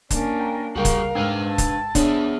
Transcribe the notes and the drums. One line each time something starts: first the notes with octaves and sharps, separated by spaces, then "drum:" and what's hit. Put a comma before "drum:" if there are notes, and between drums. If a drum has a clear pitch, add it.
A#3 C#4 D4, drum: kick, hi-hat
G5 A#5
C#2 G3 F#4 G#4 A#4 F5 G5
drum: kick, hi-hat
G#2 D4 B4 F5 G5 E6 G#6
A5
drum: kick, hi-hat
B3 D4 G#4 C#5 E5, drum: kick, hi-hat